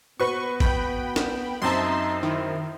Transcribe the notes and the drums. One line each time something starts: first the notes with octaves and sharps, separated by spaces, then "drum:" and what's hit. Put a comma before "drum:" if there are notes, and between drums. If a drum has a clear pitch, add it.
B3 F#4 B4 C#6
G5 B5, drum: kick G1
drum: snare
F#2 C4 D#4 E5 A5 A#5 C6
D#3 E4